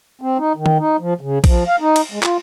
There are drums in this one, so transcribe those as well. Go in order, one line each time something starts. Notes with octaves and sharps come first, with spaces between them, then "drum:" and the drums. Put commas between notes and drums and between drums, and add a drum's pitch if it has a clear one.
C4
D#4
D#3
drum: tom D#3
D#4
F3
C#3
F3, drum: kick A#1, cymbal
F5
D#4
drum: cymbal
G#3
F4, drum: clap